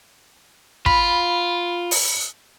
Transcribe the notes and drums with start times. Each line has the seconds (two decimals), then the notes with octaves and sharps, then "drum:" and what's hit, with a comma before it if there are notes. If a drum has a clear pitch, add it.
0.86 F4 B5, drum: kick
1.91 drum: open hi-hat